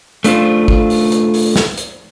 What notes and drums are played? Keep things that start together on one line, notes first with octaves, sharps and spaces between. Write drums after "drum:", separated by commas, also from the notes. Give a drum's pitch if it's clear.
A3 D4 F4 C5, drum: hi-hat
drum: kick
drum: open hi-hat
drum: hi-hat
drum: open hi-hat
drum: snare
drum: hi-hat